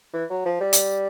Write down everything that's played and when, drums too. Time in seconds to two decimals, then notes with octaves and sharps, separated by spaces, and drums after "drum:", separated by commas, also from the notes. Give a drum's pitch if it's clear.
0.14 E3
0.30 F#3
0.45 F3
0.61 G3
0.73 drum: hi-hat